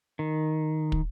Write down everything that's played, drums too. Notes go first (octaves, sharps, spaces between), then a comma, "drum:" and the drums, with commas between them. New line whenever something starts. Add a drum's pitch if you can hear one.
D#3
drum: kick